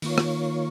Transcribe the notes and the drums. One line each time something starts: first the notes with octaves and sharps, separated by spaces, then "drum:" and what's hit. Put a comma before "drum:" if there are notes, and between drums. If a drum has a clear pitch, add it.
D#3 A#3 F4 C#5, drum: open hi-hat
drum: rim click